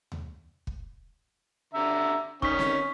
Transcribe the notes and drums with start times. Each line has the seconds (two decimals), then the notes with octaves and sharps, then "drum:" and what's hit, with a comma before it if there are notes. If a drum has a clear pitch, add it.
0.12 drum: tom D#2
0.67 drum: kick
1.74 D3 E5 A#5
2.42 D#3 C#4 C#6 B6, drum: kick
2.59 drum: snare C4